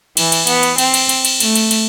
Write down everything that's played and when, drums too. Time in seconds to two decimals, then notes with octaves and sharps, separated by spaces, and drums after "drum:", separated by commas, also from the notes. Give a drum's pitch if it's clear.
0.17 E3, drum: cymbal
0.32 drum: cymbal
0.47 B3, drum: cymbal
0.63 drum: cymbal
0.78 C4, drum: cymbal
0.94 drum: cymbal
1.09 drum: cymbal
1.25 drum: cymbal
1.40 A3, drum: cymbal
1.55 drum: cymbal
1.71 drum: cymbal